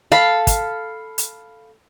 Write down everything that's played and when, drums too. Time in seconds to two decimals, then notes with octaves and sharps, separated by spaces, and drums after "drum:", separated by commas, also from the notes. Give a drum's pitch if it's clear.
0.12 A4 F5 B5
0.47 drum: kick, hi-hat
1.18 drum: hi-hat